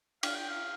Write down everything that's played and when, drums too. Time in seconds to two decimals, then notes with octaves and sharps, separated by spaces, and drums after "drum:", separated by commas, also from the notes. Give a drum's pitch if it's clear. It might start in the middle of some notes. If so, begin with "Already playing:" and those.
0.23 F5, drum: cymbal
0.35 G5
0.48 F5